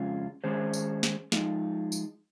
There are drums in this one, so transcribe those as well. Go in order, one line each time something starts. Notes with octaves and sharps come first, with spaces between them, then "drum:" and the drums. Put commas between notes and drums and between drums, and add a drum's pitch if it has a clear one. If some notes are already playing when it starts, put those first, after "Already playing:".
Already playing: F2 C#3 G#3 C#4 F4
D#3 G#3 C#4 G#4 C5
drum: tambourine
drum: snare
F3 G#3 D#4, drum: snare
drum: tambourine